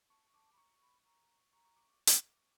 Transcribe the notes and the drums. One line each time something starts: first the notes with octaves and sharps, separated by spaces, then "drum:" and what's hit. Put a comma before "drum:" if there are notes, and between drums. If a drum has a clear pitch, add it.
A5 C#6
A5 D6
B5
A#5 C#6
B5
A#5
A#5 C#6
C#6
D6
drum: hi-hat